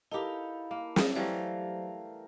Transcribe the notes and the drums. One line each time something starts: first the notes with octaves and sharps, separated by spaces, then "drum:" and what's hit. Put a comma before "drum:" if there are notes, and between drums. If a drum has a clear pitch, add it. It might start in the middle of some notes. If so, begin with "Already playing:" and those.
D#4 E4 G4 A4 A#4 F5 B5
A#3
drum: snare
E3 F#3 G3 A3 G4 C5 F5 A#5